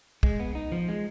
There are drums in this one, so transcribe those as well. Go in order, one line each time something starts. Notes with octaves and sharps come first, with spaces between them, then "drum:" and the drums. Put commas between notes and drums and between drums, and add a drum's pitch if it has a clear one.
G#3, drum: kick
B3
D#4
F3
G#3